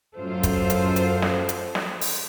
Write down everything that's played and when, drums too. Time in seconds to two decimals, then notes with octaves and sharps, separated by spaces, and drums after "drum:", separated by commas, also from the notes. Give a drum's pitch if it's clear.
0.17 F#2 A2 F4 A4 C5
0.43 drum: kick, hi-hat
0.70 drum: hi-hat
0.96 drum: hi-hat
1.22 drum: snare
1.49 drum: hi-hat
1.75 drum: snare
2.01 drum: open hi-hat